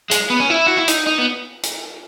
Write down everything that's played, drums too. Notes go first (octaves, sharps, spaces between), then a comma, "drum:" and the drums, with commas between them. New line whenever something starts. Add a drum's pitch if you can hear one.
G#3, drum: hi-hat
B3
C#4
E4
F#4
E4
D#4, drum: hi-hat
D#4
B3
drum: hi-hat